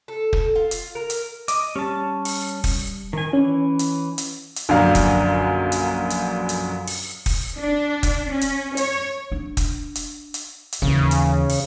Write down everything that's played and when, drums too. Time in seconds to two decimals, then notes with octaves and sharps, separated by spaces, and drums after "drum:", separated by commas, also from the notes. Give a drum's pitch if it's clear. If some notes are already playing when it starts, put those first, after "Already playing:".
0.08 A4
0.33 drum: kick
0.55 F4
0.71 drum: hi-hat
0.95 A#4
1.10 drum: hi-hat
1.48 D#5 D6, drum: hi-hat
1.76 G3 C#4 A5
2.25 drum: open hi-hat
2.64 drum: kick, open hi-hat
3.13 D#3 G#5
3.33 E3 C#4
3.79 drum: hi-hat
4.18 drum: hi-hat
4.56 drum: hi-hat
4.69 A#1 F#2 D3 D4 F5 A#5
4.95 drum: kick, hi-hat
5.72 drum: hi-hat
6.10 drum: hi-hat
6.49 drum: hi-hat
6.87 drum: open hi-hat
7.26 drum: kick, open hi-hat
7.58 D4
8.03 drum: kick, hi-hat
8.31 C#4
8.41 drum: hi-hat
8.77 C#5, drum: hi-hat
9.32 D4
9.57 drum: kick, hi-hat
9.95 drum: hi-hat
10.34 drum: hi-hat
10.73 drum: hi-hat
10.82 D#2 C#3 E3
11.11 drum: hi-hat
11.50 drum: open hi-hat